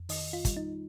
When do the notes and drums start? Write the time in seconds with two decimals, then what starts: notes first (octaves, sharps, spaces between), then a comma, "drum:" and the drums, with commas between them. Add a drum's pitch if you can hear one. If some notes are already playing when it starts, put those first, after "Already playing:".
Already playing: F2
0.09 D#3 D#5, drum: open hi-hat
0.33 F4
0.45 G3, drum: kick, hi-hat
0.57 D#4